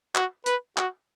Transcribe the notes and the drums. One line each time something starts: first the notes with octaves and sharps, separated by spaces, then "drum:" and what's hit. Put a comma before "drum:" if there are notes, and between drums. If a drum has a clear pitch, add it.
F#4, drum: clap
B4, drum: hi-hat
F#4, drum: clap